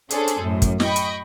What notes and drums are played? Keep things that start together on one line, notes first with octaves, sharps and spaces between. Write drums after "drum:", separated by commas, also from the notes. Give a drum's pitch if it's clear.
C#4 D4 G#4 A4 C5, drum: hi-hat
drum: hi-hat
F#2 A2
drum: kick, hi-hat
D#5 G5 B5 C#6, drum: snare
drum: hi-hat